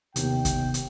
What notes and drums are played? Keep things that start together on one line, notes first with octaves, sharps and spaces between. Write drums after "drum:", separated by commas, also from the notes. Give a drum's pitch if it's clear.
D#2 C3 B3 G5, drum: hi-hat
drum: kick, hi-hat
drum: hi-hat